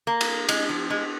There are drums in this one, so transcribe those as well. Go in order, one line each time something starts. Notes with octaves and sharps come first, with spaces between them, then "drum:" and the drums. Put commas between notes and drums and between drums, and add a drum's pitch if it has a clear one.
A#3
drum: cymbal
G#3, drum: cymbal
F3
G#3